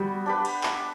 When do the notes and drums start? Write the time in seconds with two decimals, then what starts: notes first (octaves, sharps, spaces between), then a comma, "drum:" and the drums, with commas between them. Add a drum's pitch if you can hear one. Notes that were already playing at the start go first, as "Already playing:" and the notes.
Already playing: G3 B3 F#4
0.26 D4 G4 B4
0.45 drum: cymbal
0.63 drum: clap